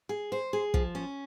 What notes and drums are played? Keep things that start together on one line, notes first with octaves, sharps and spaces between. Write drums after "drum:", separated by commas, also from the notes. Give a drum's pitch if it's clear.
G#4
C5
G#4
F3, drum: kick
C#4